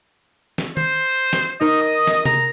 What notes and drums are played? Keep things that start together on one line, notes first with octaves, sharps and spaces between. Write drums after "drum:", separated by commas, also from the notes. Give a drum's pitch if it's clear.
drum: snare
C5, drum: tom
drum: snare
D#4 A#4 D#5
D#6
drum: snare
A#5, drum: tom C3